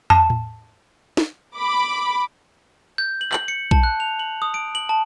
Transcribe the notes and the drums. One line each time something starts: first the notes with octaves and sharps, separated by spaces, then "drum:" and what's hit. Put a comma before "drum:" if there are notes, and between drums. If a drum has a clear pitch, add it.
A5, drum: tom
drum: tom A2
drum: snare
B5 D6
G6
F#7
F#7, drum: clap
C#7
A5, drum: kick B1
F#6
F7
F#7
D#6
D7
F#7
A5